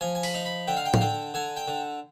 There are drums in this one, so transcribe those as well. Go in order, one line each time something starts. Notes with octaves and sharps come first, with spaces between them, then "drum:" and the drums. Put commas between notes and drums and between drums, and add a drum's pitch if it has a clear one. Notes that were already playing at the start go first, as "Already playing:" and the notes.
F3 G#5
G#5
B5, drum: open hi-hat
D#4
B5
D3 G5
F5
G5
F5, drum: tom A2
D3 G5
D3 G#5
G5
D3